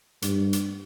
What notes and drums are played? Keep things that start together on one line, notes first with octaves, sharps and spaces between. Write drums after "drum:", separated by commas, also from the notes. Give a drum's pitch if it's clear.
G2, drum: hi-hat
drum: hi-hat